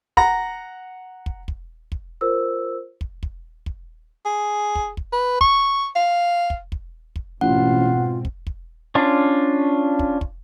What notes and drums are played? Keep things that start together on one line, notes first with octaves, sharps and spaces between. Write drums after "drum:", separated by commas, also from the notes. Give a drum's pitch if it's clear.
F#5 A#5, drum: kick
drum: kick
drum: kick
drum: kick
F4 A#4 C5 E6
drum: kick
drum: kick
drum: kick
G#4
drum: kick
drum: kick
B4
C#6, drum: kick
F5
drum: kick
drum: kick
drum: kick
A1 G#2 B2 C4 F4 F#5
drum: kick
drum: kick
C#4 D4 F4
drum: kick
drum: kick